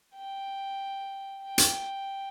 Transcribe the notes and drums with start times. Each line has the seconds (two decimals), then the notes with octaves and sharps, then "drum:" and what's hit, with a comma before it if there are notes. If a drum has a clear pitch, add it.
0.15 G5
1.43 G5
1.58 drum: hi-hat